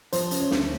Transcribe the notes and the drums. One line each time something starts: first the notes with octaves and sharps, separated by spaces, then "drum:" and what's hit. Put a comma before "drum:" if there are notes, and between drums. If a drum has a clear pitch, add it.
F3 C5, drum: hi-hat
C#3, drum: hi-hat
C#5
D2, drum: snare